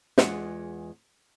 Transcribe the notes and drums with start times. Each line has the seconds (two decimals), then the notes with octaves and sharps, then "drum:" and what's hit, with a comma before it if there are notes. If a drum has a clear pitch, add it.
0.18 E2 G#3 F4 F#5, drum: snare